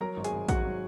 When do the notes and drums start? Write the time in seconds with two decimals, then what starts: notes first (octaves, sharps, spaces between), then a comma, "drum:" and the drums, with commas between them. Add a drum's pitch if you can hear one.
0.01 F#3 A#4 A#5
0.17 G#1
0.24 G#4 G#5, drum: hi-hat
0.33 G#1
0.49 G#1 F#4 F#5, drum: kick, hi-hat
0.65 F#3